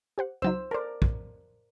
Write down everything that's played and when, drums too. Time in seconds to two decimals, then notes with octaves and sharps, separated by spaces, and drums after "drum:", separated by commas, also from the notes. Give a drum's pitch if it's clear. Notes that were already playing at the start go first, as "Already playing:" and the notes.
0.18 G4 C5 F#5
0.42 C#2 F#3 D#4 C5 E6
0.71 A4 A#4 C5 D5
1.02 drum: kick